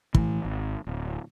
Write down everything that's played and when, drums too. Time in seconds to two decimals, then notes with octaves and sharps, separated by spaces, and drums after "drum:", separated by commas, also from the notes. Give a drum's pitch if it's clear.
0.15 A2 E3, drum: kick
0.45 G#1
0.87 D1